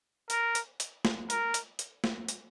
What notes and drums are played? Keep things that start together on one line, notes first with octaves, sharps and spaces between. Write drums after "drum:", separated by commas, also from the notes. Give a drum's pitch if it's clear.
A#4, drum: hi-hat
drum: hi-hat
drum: hi-hat
drum: snare
A#4, drum: hi-hat
drum: hi-hat
drum: hi-hat
drum: snare
drum: hi-hat